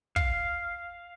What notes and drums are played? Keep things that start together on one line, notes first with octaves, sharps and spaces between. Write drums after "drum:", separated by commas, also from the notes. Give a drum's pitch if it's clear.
F5, drum: kick